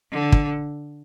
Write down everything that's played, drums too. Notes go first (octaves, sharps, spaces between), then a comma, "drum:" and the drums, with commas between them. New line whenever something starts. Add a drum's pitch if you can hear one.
D3
drum: kick